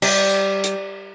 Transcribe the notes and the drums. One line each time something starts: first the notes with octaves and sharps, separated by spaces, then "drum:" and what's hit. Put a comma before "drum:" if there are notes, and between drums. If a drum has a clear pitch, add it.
G3, drum: cymbal
drum: tambourine
drum: hi-hat